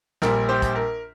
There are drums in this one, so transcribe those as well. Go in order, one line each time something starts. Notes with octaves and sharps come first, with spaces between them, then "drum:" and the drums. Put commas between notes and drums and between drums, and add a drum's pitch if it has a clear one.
A#1 A#2 G3 A#4, drum: snare
G4 C5
drum: kick, hi-hat
A#4